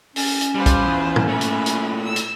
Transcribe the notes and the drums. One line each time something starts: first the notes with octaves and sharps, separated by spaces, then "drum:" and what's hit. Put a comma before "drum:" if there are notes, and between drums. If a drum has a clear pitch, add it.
C#4, drum: open hi-hat
drum: hi-hat
G3 F4 B4 C5
drum: kick, hi-hat
E2
drum: tom
A#2 A3 B4 E5 B5
drum: hi-hat
drum: hi-hat
E6
drum: hi-hat